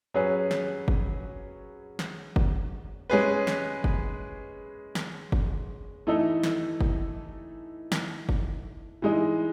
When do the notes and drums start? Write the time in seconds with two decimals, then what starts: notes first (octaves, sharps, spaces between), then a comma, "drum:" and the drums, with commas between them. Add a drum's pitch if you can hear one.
0.14 F#3 C#4 G#4 B4
0.51 drum: snare
0.88 drum: kick F#1
1.99 drum: snare
2.36 drum: kick F#1
3.10 G#3 C#4 G#4 B4
3.47 drum: snare
3.84 drum: kick F#1
4.95 drum: snare
5.32 drum: kick F#1
6.07 E3 A3 D#4 A4
6.44 drum: snare
6.81 drum: kick F#1
7.92 drum: snare
8.29 drum: kick F#1
9.02 E3 G#3 D#4